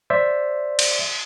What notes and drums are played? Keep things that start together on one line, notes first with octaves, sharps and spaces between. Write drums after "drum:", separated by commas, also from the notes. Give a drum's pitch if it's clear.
C5 D5 E5
drum: cymbal